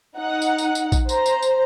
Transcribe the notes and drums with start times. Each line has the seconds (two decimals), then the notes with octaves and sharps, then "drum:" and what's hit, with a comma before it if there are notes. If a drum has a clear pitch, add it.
0.17 D#4 F#5
0.42 drum: tambourine
0.58 drum: tambourine
0.75 drum: tambourine
0.92 drum: kick A#1, tambourine
1.09 C5 A#5, drum: tambourine
1.26 drum: tambourine
1.43 drum: tambourine